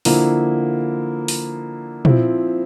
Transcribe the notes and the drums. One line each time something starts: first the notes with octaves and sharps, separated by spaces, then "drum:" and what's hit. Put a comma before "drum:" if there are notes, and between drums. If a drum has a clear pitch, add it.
D3 F3 A#3 E4, drum: open hi-hat
drum: open hi-hat
F3 C4 E4, drum: tom